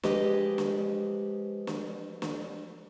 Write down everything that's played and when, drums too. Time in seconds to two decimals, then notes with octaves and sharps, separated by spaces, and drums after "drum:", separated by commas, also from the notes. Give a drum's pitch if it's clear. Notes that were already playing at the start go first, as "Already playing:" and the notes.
0.03 F3 G#3 G4 B4 D#5, drum: snare
0.58 drum: snare
1.67 drum: snare
2.22 drum: snare